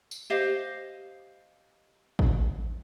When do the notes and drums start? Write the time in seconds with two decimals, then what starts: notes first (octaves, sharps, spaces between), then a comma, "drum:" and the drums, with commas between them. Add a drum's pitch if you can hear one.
0.11 drum: tambourine
0.30 G4 C5 D#5 F5
2.19 drum: kick A1